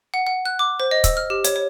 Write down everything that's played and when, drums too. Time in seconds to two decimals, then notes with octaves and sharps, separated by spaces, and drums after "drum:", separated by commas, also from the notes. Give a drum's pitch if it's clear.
0.14 F#5
0.27 F#5
0.45 F#6
0.59 D6
0.80 C5
0.91 D#5
1.04 E6, drum: kick, hi-hat
1.17 F6
1.30 G4
1.44 C#5, drum: hi-hat
1.56 C#5